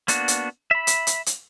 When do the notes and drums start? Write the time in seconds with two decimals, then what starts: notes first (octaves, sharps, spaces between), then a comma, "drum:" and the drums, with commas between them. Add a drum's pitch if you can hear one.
0.08 A#3 B3 D4 F#4, drum: hi-hat
0.28 drum: hi-hat
0.71 E5 B5
0.87 drum: hi-hat
1.07 drum: hi-hat
1.26 drum: hi-hat